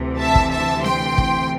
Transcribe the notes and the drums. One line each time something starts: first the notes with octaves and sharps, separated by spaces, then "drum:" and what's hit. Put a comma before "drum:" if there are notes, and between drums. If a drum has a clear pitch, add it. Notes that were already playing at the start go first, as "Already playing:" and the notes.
Already playing: D2 C3 E3
E5 A5
drum: kick
E5 A5
G5 C6, drum: snare C4
drum: kick